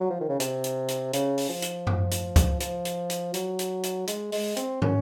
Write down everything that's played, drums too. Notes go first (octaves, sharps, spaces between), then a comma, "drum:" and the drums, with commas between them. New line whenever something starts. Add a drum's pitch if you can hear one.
F#3
F3
D#3
C#3
C3, drum: hi-hat
drum: hi-hat
drum: hi-hat
C#3, drum: hi-hat
drum: open hi-hat
F3
drum: hi-hat
drum: tom F#2
drum: hi-hat
drum: kick C#2, hi-hat
F3, drum: hi-hat
drum: hi-hat
drum: hi-hat
F#3, drum: hi-hat
drum: hi-hat
drum: hi-hat
G#3, drum: hi-hat
G#3, drum: open hi-hat
C4, drum: hi-hat
C#4, drum: tom